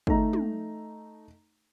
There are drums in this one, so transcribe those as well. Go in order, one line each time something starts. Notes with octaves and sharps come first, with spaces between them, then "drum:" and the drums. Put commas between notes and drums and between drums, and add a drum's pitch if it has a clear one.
A3 D#4 A#5, drum: kick
drum: tom